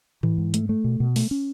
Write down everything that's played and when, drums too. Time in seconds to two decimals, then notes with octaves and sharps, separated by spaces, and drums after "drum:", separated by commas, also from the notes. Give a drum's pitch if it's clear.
0.23 E3, drum: tom G#2
0.38 G#2
0.54 A3, drum: hi-hat
0.69 A3
0.84 B2
1.00 B2
1.16 A3, drum: open hi-hat
1.31 C#4